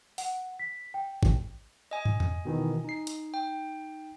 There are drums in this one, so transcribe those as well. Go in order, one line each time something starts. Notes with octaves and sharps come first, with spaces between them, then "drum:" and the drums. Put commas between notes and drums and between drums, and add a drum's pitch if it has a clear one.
F#5, drum: open hi-hat
B6
G5
drum: kick
D#5 G#5
drum: tom
drum: tom E2
B2 D#3 E3
D#4 C7
drum: hi-hat
G5